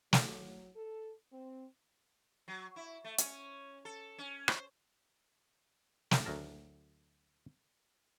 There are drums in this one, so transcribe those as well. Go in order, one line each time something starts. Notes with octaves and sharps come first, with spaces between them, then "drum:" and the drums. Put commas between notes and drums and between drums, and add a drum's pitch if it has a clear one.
F#3, drum: snare
A4
C4
F#3
E4
A3
C#4, drum: hi-hat
A4
C#4
C5, drum: rim click
B3 C4 E4 F4 G4 A#4, drum: snare
D2 F#3 A#4 A5